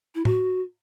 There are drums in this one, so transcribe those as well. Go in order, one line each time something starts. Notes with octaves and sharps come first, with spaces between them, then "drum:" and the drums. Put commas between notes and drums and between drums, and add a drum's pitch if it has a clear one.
E4
F#4, drum: tom